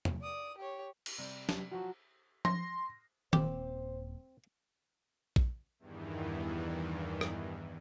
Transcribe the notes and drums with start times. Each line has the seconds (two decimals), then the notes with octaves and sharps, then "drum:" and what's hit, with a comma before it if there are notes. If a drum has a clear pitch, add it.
0.05 drum: tom E2
0.21 D5 D#6
0.58 G4 C#5
1.06 drum: cymbal
1.18 C3 G3
1.49 drum: snare
1.71 F3 F#3 F#4
2.45 C6 A#6, drum: tom F3
3.33 D#1 C4 G4 C5, drum: tom D#3
5.36 drum: kick A#1
5.79 E2 G2 D#3 E3
7.21 drum: rim click